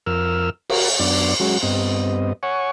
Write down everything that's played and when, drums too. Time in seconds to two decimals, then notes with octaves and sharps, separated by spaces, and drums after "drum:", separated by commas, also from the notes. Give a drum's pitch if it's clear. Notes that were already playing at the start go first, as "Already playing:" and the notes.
0.06 F2 A#4 E6 F6
0.70 F#4 A#4, drum: cymbal
1.00 F#2 B3 D4 D5
1.40 F#3 G#3 C#4 F#4
1.63 G2 B3 C4 D#5
2.43 C#5 F#5 G#5 C#6